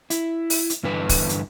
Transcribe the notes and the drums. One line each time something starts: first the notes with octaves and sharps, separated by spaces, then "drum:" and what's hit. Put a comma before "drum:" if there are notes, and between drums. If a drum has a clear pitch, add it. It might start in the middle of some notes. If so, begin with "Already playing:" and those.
E4, drum: hi-hat
drum: open hi-hat
drum: hi-hat
G2 D3 E3 B4
drum: kick, open hi-hat
drum: hi-hat